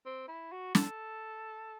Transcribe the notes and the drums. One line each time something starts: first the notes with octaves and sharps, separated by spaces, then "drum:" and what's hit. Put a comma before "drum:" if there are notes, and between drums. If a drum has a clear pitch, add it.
C4
E4
F#4
A4, drum: snare